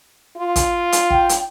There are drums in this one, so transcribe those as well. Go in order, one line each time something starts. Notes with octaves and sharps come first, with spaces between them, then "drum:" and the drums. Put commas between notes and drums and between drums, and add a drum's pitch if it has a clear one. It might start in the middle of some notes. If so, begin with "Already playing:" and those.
F4
drum: kick, hi-hat
drum: hi-hat
G5, drum: kick
drum: hi-hat